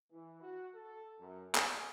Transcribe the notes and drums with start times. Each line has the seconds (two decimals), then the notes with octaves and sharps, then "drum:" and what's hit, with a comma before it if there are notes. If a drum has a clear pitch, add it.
0.11 E3
0.41 F#4
0.74 A4
1.19 F#2
1.55 G3, drum: clap